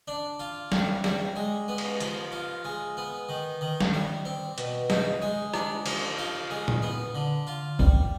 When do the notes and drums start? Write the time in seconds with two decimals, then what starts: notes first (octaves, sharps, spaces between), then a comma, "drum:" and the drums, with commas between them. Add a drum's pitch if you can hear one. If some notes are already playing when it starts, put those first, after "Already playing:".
0.08 D4
0.39 F4
0.72 G3, drum: snare
1.04 G3, drum: snare
1.36 G#3
1.68 B3
1.78 drum: cymbal
2.00 F3, drum: hi-hat
2.32 F4
2.65 G#3
2.97 B3
3.29 D#3
3.61 D#3
3.80 drum: snare
3.94 G3
4.25 C4
4.58 B2, drum: hi-hat
4.90 D#4, drum: snare
5.22 G#3
5.54 D4, drum: rim click
5.86 F3, drum: cymbal
6.18 F4
6.50 G#3
6.68 drum: tom A#2
6.82 B3
7.15 D3
7.47 F4
7.79 G3, drum: kick C2